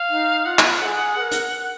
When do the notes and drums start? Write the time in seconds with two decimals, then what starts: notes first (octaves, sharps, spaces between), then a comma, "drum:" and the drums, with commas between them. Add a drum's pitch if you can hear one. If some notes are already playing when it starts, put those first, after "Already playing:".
Already playing: F5
0.09 D#4
0.45 F4 F#5
0.59 drum: clap
0.82 A4
0.85 G#4
1.17 B4
1.21 A#4
1.31 drum: hi-hat